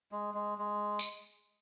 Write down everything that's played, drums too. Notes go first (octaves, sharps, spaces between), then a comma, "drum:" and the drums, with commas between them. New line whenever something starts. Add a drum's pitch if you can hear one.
G#3
G#3
G#3
drum: tambourine